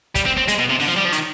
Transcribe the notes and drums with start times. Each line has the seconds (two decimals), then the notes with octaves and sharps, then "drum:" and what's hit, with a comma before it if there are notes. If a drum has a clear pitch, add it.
0.15 G3, drum: kick, hi-hat
0.26 C4
0.37 C4
0.48 G#3, drum: hi-hat
0.59 B2
0.70 C3
0.80 D3, drum: open hi-hat
0.88 F3
0.96 G3
1.05 F3
1.12 D#3, drum: hi-hat